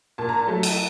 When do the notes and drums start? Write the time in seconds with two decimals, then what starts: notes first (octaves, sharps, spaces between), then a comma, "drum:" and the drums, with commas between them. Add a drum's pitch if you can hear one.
0.18 A#2 A5
0.29 A#5
0.39 A5
0.48 F#3 A3
0.63 drum: cymbal